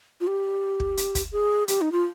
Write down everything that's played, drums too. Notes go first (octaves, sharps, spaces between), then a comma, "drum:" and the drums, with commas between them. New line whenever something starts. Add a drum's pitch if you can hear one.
F4
G4
drum: kick
drum: hi-hat
drum: kick, hi-hat
G#4
G4, drum: hi-hat
D#4
F4